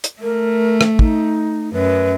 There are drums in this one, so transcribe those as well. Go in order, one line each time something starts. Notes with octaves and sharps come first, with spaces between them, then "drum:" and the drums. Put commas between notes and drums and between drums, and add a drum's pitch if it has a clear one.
drum: hi-hat
A3 A#4
drum: rim click
D#4, drum: kick
F#2 B4